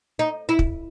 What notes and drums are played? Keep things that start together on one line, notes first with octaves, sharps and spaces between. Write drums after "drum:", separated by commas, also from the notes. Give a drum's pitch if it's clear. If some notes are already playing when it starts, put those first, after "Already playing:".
D#4
E4
drum: kick